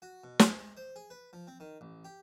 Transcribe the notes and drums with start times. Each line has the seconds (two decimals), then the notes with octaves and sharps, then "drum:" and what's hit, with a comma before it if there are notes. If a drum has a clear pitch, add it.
0.02 F#4
0.24 B2
0.39 G#5, drum: snare
0.58 G#3
0.77 C5
0.96 G#4
1.10 B4
1.33 F3
1.47 C4
1.60 D#3
1.81 A1
2.05 G4